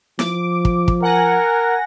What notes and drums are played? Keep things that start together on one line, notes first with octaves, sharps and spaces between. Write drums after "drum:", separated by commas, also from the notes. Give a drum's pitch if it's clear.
F3 D6, drum: snare E4
drum: kick
drum: kick
A#4 F#5 G#5 A#6